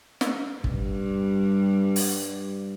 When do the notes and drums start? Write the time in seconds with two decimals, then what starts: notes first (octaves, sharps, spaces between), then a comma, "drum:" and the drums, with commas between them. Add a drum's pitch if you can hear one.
0.21 drum: snare
0.64 G2 G3, drum: kick
1.96 drum: open hi-hat